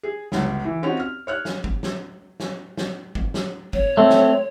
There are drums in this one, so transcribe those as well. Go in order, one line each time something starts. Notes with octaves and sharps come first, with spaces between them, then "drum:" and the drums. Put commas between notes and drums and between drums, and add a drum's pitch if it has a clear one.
G#4
G1 C#2, drum: snare
E3
C4 C#4 D#4 F4 F#4
F6
C#5 F6 F#6
drum: snare
drum: kick
drum: snare
drum: snare
drum: snare
drum: kick
drum: snare
C#5, drum: kick
A3 C4
drum: snare